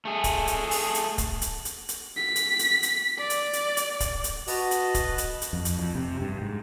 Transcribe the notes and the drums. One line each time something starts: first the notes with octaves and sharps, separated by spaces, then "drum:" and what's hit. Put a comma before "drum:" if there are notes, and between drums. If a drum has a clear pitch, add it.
A3 G#4
drum: kick, hi-hat
drum: hi-hat
drum: open hi-hat
drum: hi-hat
drum: kick, hi-hat
drum: hi-hat
drum: hi-hat
drum: hi-hat
B6
drum: hi-hat
drum: hi-hat
drum: hi-hat
D5
drum: hi-hat
drum: hi-hat
drum: hi-hat
drum: kick, hi-hat
drum: hi-hat
F#4 B4 D#5 A5, drum: open hi-hat
drum: hi-hat
drum: kick, hi-hat
drum: hi-hat
drum: hi-hat
F2
drum: hi-hat
F2
C3
G2
G#2